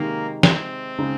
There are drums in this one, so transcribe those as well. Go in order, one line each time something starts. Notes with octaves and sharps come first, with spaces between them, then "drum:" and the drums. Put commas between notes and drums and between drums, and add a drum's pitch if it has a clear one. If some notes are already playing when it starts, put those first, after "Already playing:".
Already playing: C3 D#3 G#3 A#3 D#4
C4, drum: snare
C#3 G#3 D#4